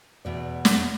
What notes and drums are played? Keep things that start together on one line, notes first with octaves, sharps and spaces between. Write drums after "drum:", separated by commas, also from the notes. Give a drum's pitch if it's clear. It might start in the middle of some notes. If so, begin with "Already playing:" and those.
E2 B2 D5
drum: snare